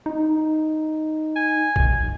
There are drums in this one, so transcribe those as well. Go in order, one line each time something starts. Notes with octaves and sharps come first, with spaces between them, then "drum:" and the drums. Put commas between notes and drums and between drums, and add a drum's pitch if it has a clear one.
D#4
G#5
drum: kick A#1